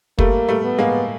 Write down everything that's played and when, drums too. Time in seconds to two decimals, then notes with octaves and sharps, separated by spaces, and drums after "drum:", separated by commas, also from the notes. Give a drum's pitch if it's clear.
0.19 G3 A3 A#3, drum: kick
0.48 G3 A3
0.64 B3
0.78 G#3 A#3